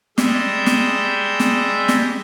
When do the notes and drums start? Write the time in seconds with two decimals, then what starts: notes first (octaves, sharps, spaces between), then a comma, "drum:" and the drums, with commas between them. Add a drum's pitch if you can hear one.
0.18 G3 G#3 D#5 E5 G6, drum: snare
0.66 drum: snare
1.40 drum: snare
1.88 drum: snare